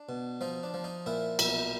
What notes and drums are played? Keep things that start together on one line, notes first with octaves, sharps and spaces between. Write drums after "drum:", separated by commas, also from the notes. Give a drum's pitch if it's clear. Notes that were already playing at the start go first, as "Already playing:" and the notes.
Already playing: D4
B2
F3 D#4
D4
F3
D#4
A#2 E4
B1 E4, drum: cymbal